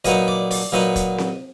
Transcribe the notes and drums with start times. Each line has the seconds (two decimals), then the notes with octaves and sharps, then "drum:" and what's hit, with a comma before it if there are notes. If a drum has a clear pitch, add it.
0.05 A#2 F#3 B3 D#4 D#5, drum: hi-hat
0.28 D5
0.51 D5, drum: open hi-hat
0.72 A#2 F#3 B3 D#4 D#5
0.96 drum: kick, hi-hat
1.18 drum: snare C4